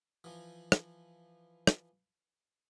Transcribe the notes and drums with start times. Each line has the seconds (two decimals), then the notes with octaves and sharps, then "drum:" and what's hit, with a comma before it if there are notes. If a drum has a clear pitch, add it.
0.24 E3 F3
0.72 drum: rim click
1.67 drum: rim click